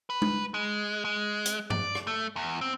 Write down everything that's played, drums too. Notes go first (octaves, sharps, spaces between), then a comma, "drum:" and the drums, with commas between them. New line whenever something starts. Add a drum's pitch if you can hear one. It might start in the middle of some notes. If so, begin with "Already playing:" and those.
B4
drum: tom G#3
G#3
G#3
drum: hi-hat
D5, drum: tom G2
drum: rim click
A3
E2
C4